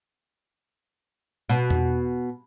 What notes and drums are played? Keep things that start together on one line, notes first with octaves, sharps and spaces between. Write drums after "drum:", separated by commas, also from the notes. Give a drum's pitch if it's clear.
B2
drum: tom E2